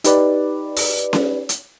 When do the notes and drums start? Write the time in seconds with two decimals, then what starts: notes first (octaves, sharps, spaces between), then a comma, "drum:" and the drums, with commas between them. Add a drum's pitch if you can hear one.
0.04 D#4 G4 B4 D5, drum: hi-hat
0.77 drum: open hi-hat
1.13 drum: snare C#4
1.49 drum: hi-hat